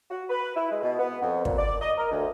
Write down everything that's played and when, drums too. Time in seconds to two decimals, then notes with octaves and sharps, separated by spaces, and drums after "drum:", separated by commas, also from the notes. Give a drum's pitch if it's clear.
0.11 F#4
0.29 B4
0.56 E4
0.71 G#3
0.83 B2
0.99 B3
1.22 F2
1.45 A#2, drum: kick
1.59 D5
1.82 D#5
1.98 A#4
2.11 D2